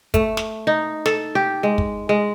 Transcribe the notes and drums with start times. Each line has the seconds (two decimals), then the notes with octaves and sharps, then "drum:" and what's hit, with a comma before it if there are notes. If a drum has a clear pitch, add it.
0.14 A3, drum: kick, hi-hat
0.37 drum: snare
0.67 D#4
1.06 A4, drum: snare
1.35 G4
1.63 G#3
1.78 drum: kick
2.09 G#3